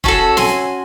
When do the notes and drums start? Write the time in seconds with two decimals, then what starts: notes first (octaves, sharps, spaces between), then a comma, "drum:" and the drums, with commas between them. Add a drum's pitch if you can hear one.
0.04 C#4 F#4 A4 A5 C#6, drum: kick F1
0.37 G#5 C6, drum: snare